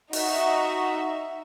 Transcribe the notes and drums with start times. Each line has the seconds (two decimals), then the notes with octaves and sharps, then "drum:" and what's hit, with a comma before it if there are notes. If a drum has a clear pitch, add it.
0.13 D#4 F#4 E5, drum: open hi-hat